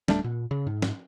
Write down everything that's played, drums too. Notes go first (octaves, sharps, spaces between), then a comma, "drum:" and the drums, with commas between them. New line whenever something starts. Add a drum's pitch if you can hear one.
D1 G3 A3 D4, drum: snare
A#2
C#3
G#2
drum: snare